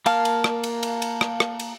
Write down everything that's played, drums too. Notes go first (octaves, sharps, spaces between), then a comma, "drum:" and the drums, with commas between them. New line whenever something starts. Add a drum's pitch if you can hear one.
A#3 A#4 F5 A5 F6, drum: cymbal
drum: cymbal
drum: rim click
drum: cymbal
drum: cymbal
drum: cymbal
drum: rim click
drum: rim click
drum: cymbal